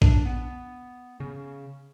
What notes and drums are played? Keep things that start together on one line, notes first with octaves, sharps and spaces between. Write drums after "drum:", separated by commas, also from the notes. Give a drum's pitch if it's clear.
D4, drum: kick
B3
C#3